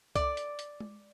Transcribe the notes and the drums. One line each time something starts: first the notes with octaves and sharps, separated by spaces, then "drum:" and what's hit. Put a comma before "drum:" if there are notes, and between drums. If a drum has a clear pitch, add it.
D5, drum: kick C2, hi-hat
drum: hi-hat
drum: hi-hat
drum: tom G#3